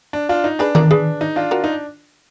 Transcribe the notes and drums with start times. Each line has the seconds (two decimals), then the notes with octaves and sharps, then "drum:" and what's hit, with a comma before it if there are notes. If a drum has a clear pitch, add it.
0.13 D4
0.29 D4 F4
0.44 D#4
0.59 D4 G#4 B4
0.75 A#4 D5, drum: tom D#3
0.91 G#4 B4
1.21 D#4
1.36 D4 F4
1.51 F#4 A#4
1.64 D#4